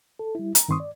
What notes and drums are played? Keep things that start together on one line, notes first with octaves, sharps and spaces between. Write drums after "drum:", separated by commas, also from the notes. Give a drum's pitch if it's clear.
A4
G3 E4
A#5, drum: hi-hat
G2 D#3 C4 C6 C#6 D#6
D5